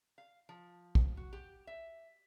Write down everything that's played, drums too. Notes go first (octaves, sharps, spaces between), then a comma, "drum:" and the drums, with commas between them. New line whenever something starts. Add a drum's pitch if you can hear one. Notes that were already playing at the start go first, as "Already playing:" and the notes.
F5
F3
drum: kick
F#4
G4
E5